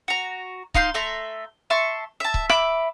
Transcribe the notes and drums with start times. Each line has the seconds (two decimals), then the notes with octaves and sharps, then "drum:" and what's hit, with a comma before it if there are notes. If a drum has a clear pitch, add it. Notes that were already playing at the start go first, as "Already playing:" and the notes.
0.08 F#4 A#5
0.74 D#4 F4 C6 G6, drum: kick C#1
0.94 A3 E5 A#5 C6
1.70 E5 A5 C6 C#6
2.20 E5 A5
2.34 drum: kick C#1
2.49 E5 B5 D6, drum: rim click